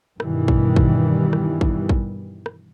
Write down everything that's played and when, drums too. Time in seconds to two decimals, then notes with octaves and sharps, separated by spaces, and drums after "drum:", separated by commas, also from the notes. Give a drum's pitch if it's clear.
0.20 G2 B2 D#3 E3 G3, drum: rim click
0.48 drum: kick
0.76 drum: kick
1.33 drum: rim click
1.61 drum: kick
1.89 drum: kick
2.46 drum: rim click